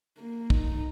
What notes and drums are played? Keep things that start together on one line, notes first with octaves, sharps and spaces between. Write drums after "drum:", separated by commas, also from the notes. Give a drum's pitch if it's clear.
A#3
D#4, drum: kick